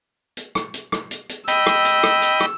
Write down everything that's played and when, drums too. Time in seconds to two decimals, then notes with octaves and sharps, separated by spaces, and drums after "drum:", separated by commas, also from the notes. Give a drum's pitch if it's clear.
0.37 drum: hi-hat
0.55 drum: rim click
0.74 drum: hi-hat
0.92 drum: rim click
1.11 drum: hi-hat
1.29 drum: hi-hat
1.48 D#5 G5 B5 E6, drum: hi-hat
1.66 drum: rim click
1.85 drum: hi-hat
2.03 drum: rim click
2.22 drum: hi-hat
2.40 drum: rim click